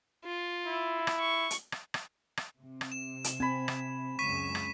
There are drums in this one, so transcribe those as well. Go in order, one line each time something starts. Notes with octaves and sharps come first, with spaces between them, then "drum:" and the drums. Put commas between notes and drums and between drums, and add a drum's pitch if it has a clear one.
F4
E4
drum: rim click
C#6
drum: hi-hat
drum: rim click
drum: rim click
drum: rim click
C3
drum: rim click
E7
drum: hi-hat
C4 G#5 B5
drum: rim click
C#2 F#2 C#6 B6 D#7
drum: rim click